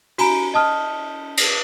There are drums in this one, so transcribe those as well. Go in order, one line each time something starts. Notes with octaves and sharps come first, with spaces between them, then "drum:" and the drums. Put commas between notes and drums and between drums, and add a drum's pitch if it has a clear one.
F#4 G#5 A#5 B5 D7, drum: cymbal
D#5 A5 D#6 F6
drum: cymbal